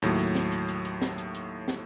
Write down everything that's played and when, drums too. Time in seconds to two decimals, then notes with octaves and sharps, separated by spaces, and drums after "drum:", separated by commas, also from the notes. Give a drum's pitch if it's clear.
0.02 D#2 A2 F#3, drum: hi-hat
0.19 drum: hi-hat
0.35 drum: snare
0.52 drum: hi-hat
0.68 drum: hi-hat
0.85 drum: hi-hat
1.02 drum: snare
1.18 drum: hi-hat
1.35 drum: hi-hat
1.68 drum: snare